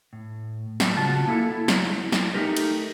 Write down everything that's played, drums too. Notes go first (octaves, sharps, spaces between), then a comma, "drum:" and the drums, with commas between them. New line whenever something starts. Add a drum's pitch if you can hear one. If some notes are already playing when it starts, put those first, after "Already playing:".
A2
drum: snare
C#3 F4 F#4 A5
A#3 E4 A4
E4
drum: snare
drum: snare
A3 D#4 G4 A#4
drum: cymbal